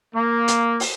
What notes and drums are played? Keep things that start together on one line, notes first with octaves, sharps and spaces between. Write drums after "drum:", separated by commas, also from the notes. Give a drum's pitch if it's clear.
A#3
drum: hi-hat
drum: open hi-hat